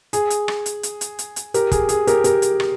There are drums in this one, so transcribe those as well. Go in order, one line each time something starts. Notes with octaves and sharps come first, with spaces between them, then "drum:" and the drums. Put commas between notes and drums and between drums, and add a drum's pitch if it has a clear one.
G#4, drum: hi-hat
drum: hi-hat
drum: rim click
drum: hi-hat
drum: hi-hat
drum: hi-hat
drum: hi-hat
drum: hi-hat
G4 A#4, drum: hi-hat
G#4, drum: kick, hi-hat
G#4, drum: hi-hat
G4 A#4, drum: hi-hat
G4 A#4, drum: hi-hat
drum: hi-hat
drum: rim click